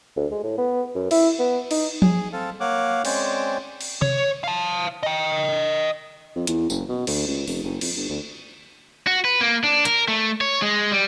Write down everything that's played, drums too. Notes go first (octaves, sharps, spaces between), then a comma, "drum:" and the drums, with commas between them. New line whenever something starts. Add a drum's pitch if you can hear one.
D2
G#3
A2
B3
F#2
E4, drum: cymbal
B3
D#4, drum: cymbal
G#4, drum: tom
C4 A4 F5 A5
A#3 C#5 F5 F#5 D6
G#3 C4 C#4 C#5 D5 G5, drum: cymbal
drum: cymbal
C#5, drum: tom C3
F5 A5
D#5 G5
F2
E2, drum: hi-hat
F#1, drum: tambourine
B2
D2, drum: cymbal
C#2
F1, drum: open hi-hat
F#1
F2, drum: cymbal
G1
D2
F#4
B4
A#3
D4
A#4, drum: hi-hat
A3
C#5
G#3
G3